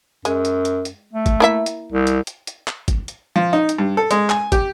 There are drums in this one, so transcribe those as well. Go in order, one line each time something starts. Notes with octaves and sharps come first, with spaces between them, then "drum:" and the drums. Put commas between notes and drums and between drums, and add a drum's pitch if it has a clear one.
F#2 G#3, drum: hi-hat
drum: hi-hat
drum: hi-hat
drum: hi-hat
A3
drum: kick, hi-hat
A#3 E4 E5
drum: hi-hat
C2
drum: hi-hat
drum: hi-hat
drum: hi-hat
drum: clap
drum: kick, hi-hat
drum: hi-hat
F3
D#4
drum: hi-hat
G2
A4
G#3, drum: hi-hat
G#5, drum: clap
G4, drum: kick, hi-hat